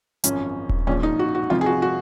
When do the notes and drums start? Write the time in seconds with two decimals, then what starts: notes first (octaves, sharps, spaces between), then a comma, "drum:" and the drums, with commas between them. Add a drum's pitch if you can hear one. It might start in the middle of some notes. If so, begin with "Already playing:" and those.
0.24 G#1 F#2 F3 C#4, drum: hi-hat
0.69 drum: kick D#1
0.87 A#1 A#2 F3 C#4
1.03 D#4
1.19 F#4
1.35 F#4
1.50 F1 F2 F3 F4
1.61 G#4
1.66 F#4
1.82 F#4